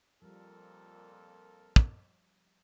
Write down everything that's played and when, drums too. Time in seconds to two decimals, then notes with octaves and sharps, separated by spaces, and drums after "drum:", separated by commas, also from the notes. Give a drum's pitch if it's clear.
0.22 F2 A#2 F3 G3 A4 A#4
1.76 drum: kick